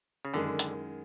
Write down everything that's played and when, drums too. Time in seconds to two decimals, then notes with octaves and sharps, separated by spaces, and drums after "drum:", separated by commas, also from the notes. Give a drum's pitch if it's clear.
0.25 C#3
0.33 F#2 D3 D#3 G#3
0.59 drum: hi-hat